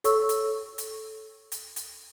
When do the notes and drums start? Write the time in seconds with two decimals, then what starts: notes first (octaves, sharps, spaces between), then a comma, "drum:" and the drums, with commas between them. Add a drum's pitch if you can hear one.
0.04 A4 C#5 C#6 E6, drum: hi-hat
0.29 drum: hi-hat
0.78 drum: hi-hat
1.52 drum: hi-hat
1.76 drum: hi-hat